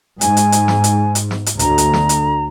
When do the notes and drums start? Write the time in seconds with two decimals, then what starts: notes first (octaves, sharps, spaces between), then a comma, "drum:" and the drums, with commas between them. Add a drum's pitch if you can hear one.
0.21 G#2 G#5, drum: hi-hat
0.37 drum: hi-hat
0.52 drum: hi-hat
0.68 drum: snare
0.84 drum: hi-hat
1.15 drum: hi-hat
1.31 drum: snare
1.46 drum: hi-hat
1.59 D2 A#5, drum: hi-hat
1.78 drum: hi-hat
1.93 drum: snare
2.09 drum: hi-hat